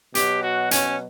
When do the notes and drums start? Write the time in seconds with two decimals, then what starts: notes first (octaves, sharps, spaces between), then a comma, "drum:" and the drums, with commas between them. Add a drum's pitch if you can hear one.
0.15 B2 F#3 G4, drum: hi-hat
0.43 F#4
0.71 C#4, drum: hi-hat